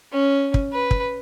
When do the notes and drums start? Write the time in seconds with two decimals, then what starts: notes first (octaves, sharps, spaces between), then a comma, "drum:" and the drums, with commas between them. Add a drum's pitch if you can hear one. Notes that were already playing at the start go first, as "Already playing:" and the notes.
0.12 C#4
0.54 drum: kick
0.72 B4
0.91 drum: kick